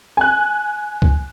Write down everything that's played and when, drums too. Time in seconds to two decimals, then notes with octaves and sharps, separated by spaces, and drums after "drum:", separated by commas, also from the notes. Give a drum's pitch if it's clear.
0.17 G#5 F#6
1.02 drum: kick C2